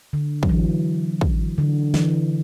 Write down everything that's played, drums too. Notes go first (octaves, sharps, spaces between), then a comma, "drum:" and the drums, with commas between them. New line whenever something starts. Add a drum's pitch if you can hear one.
D3
F#3, drum: kick
E3
drum: kick
D3
E3, drum: snare